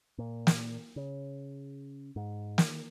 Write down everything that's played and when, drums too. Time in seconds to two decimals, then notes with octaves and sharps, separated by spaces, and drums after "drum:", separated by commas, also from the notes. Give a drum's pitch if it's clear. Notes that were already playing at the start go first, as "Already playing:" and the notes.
0.18 A#2
0.47 drum: snare
0.96 C#3
2.16 G#2
2.58 D#3, drum: snare